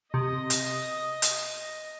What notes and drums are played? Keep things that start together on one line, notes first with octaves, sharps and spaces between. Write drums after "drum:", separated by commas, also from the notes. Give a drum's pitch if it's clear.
C3 D#5 D#6
drum: hi-hat
drum: hi-hat